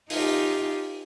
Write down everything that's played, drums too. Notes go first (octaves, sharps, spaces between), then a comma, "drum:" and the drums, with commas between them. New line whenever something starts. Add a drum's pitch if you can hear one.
D#4 F4 G4, drum: open hi-hat